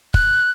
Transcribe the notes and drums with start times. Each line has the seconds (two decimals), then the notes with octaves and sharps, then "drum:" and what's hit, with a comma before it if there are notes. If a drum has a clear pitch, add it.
0.14 F#6, drum: kick